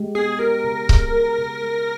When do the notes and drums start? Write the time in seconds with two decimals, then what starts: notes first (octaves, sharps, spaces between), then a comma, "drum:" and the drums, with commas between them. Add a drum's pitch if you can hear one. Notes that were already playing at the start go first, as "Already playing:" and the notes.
Already playing: G#3 G4
0.15 B3 G#4
0.39 G4 A#4
0.64 C#3
0.89 G#4, drum: kick C#1
1.13 G#3
1.39 C#3
1.63 G#3